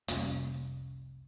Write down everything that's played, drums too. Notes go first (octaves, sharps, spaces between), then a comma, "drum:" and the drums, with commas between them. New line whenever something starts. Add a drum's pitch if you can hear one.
F1 C2 A#3 C#4, drum: hi-hat